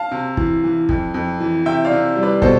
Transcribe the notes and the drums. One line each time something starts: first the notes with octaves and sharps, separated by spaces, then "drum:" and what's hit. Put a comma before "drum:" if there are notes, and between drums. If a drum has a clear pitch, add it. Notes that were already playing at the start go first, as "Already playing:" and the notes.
Already playing: F5 A5
C3
E3, drum: kick
E3
F2, drum: kick
F2
E3
C3 E5 G5
D5 F5
C3
G3
B4 D5
B2 A4 C5, drum: kick